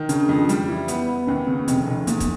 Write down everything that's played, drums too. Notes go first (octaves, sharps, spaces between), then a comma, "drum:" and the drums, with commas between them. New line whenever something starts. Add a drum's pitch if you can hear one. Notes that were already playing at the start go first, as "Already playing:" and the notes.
Already playing: D#3
C#3 D4, drum: hi-hat
F2
G3, drum: hi-hat
E3
B3, drum: hi-hat
B3
D#2 C#4
C#3 C4
F1 C4, drum: hi-hat
F1
E2 A#3, drum: hi-hat
drum: kick, hi-hat